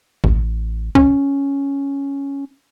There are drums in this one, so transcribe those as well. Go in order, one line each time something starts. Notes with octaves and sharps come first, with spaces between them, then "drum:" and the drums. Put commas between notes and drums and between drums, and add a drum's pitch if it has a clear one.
A1, drum: kick
C#4, drum: kick